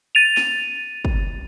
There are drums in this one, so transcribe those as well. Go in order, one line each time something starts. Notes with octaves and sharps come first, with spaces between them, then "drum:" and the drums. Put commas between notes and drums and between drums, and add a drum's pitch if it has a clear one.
A6 D#7 F7
drum: snare
drum: kick